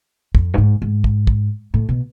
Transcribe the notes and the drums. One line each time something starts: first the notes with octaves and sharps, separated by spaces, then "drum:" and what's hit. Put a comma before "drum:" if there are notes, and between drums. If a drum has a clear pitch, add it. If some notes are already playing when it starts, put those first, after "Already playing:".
F2, drum: kick
G2
G#2
G#2
drum: kick
drum: kick
A2
B2